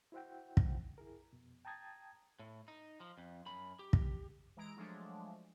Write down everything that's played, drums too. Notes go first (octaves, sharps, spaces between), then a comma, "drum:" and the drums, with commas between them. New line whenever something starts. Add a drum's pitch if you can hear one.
E4 F#4 C5 E5 F#5 G5
drum: kick
E4 G#4 A#4
F2 B2
G5 A5 A#5 D#6 G#6 A6
A2
D#4
F3
F2
F#2 B5
G4
drum: kick
E3 G#3 A#5 D7
F3 F#3 G#3 A3 D4